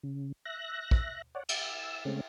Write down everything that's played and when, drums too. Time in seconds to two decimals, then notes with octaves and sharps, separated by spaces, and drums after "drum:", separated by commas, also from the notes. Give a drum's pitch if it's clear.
0.03 C#3
0.45 E5 F#6 A#6
0.91 drum: kick
1.35 C#5 D5 F#5
1.49 E6, drum: cymbal
2.05 C#3 G#3 A3 C4 C#4